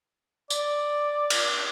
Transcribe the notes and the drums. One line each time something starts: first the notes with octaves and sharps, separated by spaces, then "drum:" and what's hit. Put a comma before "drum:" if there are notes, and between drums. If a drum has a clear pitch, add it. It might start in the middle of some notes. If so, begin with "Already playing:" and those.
D5, drum: tambourine
drum: cymbal